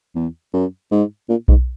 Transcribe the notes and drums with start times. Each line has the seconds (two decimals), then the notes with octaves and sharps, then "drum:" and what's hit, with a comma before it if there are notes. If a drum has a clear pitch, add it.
0.15 E2
0.53 F#2
0.91 G#2
1.29 A#2
1.48 G#2, drum: kick B1